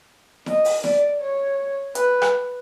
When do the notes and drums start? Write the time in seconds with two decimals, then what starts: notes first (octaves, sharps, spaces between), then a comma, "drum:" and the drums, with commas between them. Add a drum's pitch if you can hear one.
0.46 D#5, drum: snare E4
0.65 drum: open hi-hat
0.84 D5, drum: snare E4
1.21 C#5
1.95 B4, drum: hi-hat
2.22 drum: rim click